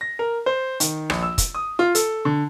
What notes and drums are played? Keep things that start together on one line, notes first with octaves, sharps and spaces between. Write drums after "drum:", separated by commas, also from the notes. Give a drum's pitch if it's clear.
A#6
A#4
C5
D#3, drum: hi-hat
A#1, drum: rim click
E6
drum: kick, hi-hat
D#6
F4
A4, drum: hi-hat
D3